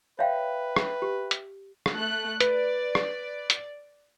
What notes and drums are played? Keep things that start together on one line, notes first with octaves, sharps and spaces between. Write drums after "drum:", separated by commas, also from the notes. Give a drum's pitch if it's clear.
B4 C#5 E5 F5 G5
drum: rim click
G4
drum: hi-hat
drum: rim click
A3 F#6
B4 D5, drum: hi-hat
drum: rim click
drum: hi-hat